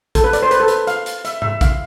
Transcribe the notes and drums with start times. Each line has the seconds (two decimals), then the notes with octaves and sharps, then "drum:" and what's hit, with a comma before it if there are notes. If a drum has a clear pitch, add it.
0.15 A4, drum: kick, hi-hat
0.24 B4
0.33 D5, drum: hi-hat
0.43 C5
0.51 B4, drum: hi-hat
0.60 A4
0.68 B4, drum: hi-hat
0.87 F5, drum: hi-hat
1.06 drum: hi-hat
1.25 E5, drum: hi-hat
1.42 E5, drum: tom G#2
1.61 F5, drum: kick, hi-hat